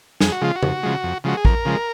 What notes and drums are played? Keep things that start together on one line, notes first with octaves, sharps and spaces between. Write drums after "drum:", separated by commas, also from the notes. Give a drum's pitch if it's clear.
F2 G#4, drum: snare
F#4
C#3 F3 G#3 F4
F#4
F2, drum: tom C#3
C#3 F3 G#3
F2
C#3 F3 G#3 F#4
G#4
F2 A#4, drum: kick A1
C#3 F3 G#3